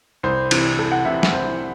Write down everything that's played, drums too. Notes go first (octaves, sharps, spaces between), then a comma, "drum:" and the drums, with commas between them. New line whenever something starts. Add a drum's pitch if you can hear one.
C2 C5
C3 E3, drum: cymbal
C2 A4
F#5
C3 E3 E5
drum: snare
C2 C5